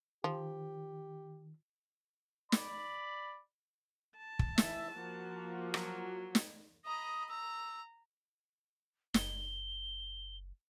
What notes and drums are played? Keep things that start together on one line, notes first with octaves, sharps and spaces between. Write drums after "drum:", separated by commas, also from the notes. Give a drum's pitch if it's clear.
D#3 F3 G4
D5 B5, drum: snare
A5
drum: kick
E3 E5, drum: snare
F3 A#3 F#4
F#3, drum: rim click
drum: snare
D#5 A#5 B5 D#6
A#5 E6
F#1 G7, drum: snare